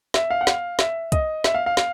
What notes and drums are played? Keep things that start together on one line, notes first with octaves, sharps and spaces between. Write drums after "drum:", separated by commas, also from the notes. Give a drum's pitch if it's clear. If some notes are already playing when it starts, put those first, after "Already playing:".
E5, drum: snare
F5
F#5
F5, drum: snare
E5, drum: snare
D#5, drum: kick, hi-hat
E5, drum: snare
F5
F5
F5, drum: snare